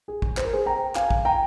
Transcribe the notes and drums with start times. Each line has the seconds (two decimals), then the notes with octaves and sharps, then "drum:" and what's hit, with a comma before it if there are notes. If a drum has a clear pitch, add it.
0.08 G#4
0.22 drum: kick
0.37 C5, drum: clap
0.45 A#4
0.53 G#4 C5
0.66 G5 A#5
0.95 F5 G#5, drum: clap
1.11 drum: kick
1.25 G5 A#5